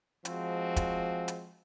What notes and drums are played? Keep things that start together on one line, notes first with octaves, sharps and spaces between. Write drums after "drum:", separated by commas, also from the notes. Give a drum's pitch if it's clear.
F3 G#3 C4 F#4, drum: hi-hat
drum: kick, hi-hat
drum: hi-hat